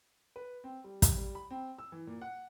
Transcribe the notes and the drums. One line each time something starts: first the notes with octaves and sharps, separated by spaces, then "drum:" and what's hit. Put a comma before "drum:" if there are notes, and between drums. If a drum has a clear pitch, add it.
B4
C4
G3
drum: kick, hi-hat
G3
B5
C4
E6
E3
A#2
F#5